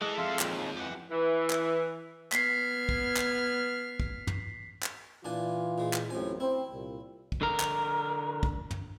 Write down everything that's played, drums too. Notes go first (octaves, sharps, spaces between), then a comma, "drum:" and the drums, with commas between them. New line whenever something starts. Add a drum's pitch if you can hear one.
E3 G#3 A4 D#5
F2 E5 F5 C6
D#2 A#2, drum: clap
E3 G4 F#5
E3
drum: clap
B3 F6 G#6 B6 C7, drum: clap
drum: kick
drum: clap
drum: kick
drum: tom
drum: clap
A#2 E3 D4 F4 G#5
A#2 G#3
drum: clap
A1 F#2 A2 C4 G#5
C4 E4
C2 A#2
drum: kick
D3 A#4
drum: clap
drum: kick
drum: tom